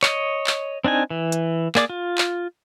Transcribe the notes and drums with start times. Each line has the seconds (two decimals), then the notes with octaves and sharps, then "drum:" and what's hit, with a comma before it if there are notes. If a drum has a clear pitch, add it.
0.03 C#5 D#5, drum: clap
0.47 drum: clap
0.84 C4 D4 D#4 G#5
1.10 E3
1.32 drum: hi-hat
1.75 A#3 G#4 D5 D6, drum: clap
1.90 F4
2.18 drum: clap